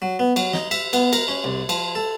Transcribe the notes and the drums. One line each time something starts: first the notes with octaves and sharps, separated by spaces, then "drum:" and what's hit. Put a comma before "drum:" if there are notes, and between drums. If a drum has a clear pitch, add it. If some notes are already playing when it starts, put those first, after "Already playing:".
F#3
B3
F#3, drum: cymbal
D#4, drum: snare
E5, drum: cymbal
B3, drum: cymbal
A#4, drum: cymbal
C#4
C2
F3, drum: cymbal
A4